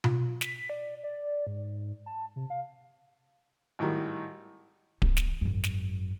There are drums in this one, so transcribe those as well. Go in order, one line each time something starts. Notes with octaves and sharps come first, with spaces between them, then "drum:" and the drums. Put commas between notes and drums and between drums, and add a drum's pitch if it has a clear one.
F4, drum: tom B2
B6, drum: snare
D5
D5
G#2
A5
C3
F5
G#1 A2 D#3 G3
D#3 B3, drum: kick D1
drum: snare
G#1 F#2
drum: snare